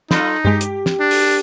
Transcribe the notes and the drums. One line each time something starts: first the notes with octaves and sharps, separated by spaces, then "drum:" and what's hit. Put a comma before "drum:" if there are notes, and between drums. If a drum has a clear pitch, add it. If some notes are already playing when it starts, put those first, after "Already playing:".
F#3 D#4 F4 A4, drum: snare
G2 G#3 G4
drum: hi-hat
drum: snare
D4
drum: open hi-hat